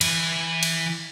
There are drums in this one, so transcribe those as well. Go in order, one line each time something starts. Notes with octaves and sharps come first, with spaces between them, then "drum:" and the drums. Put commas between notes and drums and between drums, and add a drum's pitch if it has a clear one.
E3 B4, drum: cymbal
drum: cymbal